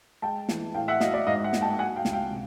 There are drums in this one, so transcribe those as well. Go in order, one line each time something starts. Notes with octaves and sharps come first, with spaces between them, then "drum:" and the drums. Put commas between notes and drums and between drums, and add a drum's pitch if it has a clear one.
G#3 G5 A5
E3, drum: snare
A2 F5 G5
E5 F#5
F#3 D#5 F5, drum: snare
D5 E5
G#2 D#5 F5
E5 F#5
A#3, drum: snare
G5 A5
F#3 F#5 G#5
F5 G5
C#2, drum: snare
F5 G5
C3